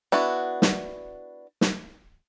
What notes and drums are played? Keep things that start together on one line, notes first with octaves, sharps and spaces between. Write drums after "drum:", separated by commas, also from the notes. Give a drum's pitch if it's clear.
B3 D4 E4 F#4
drum: snare
drum: snare